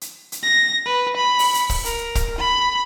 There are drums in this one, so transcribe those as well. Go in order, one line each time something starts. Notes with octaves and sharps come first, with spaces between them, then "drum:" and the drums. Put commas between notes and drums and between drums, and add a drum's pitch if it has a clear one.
drum: hi-hat
drum: hi-hat
A#6
B4
B5
drum: open hi-hat
drum: hi-hat
drum: kick, open hi-hat
A#4, drum: hi-hat
drum: kick, hi-hat
B5